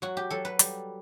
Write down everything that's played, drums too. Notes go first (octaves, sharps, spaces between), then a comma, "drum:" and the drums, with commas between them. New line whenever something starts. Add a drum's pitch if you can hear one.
F#3 F#4
G4
F#3 A4
B4
G3, drum: hi-hat